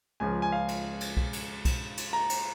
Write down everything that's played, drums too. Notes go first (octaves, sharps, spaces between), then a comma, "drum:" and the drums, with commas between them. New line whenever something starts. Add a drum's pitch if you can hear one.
C#2 C#3 F3 C#4 G#5
G#5
F5
drum: cymbal
drum: cymbal
drum: kick B1
drum: cymbal
drum: kick B1, cymbal
drum: cymbal
A#5
drum: cymbal